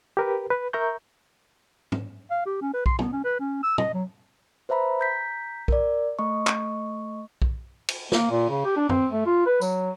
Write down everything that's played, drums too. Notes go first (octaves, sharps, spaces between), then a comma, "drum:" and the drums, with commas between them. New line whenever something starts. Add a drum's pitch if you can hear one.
G4 A#4 B4
B4
A#4 E5 A#5 C#6 G6
drum: tom
F5
G4
C#4
B4
C6, drum: kick B1
B3, drum: tom
C#4
B4
C#4
E6
D#5, drum: tom
F#3
B4 C5 E5 A#5 B5
A#5 G6 B6
A#4 D5, drum: kick B1
A3 D#5 C#6
drum: clap
drum: kick B1
drum: cymbal
A#3, drum: snare
A#2
C#3
G4
D4
C4, drum: tom
A3
F4
B4
F#3, drum: tambourine